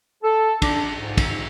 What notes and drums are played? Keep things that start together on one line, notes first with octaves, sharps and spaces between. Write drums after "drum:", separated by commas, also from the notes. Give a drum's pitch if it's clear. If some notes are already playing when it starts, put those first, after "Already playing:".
A4
D4, drum: kick, cymbal
G#2
drum: kick, cymbal